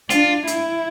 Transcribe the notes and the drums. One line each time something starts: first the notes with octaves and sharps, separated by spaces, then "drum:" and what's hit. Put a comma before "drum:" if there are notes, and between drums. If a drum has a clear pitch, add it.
D4 F4, drum: hi-hat
E4, drum: hi-hat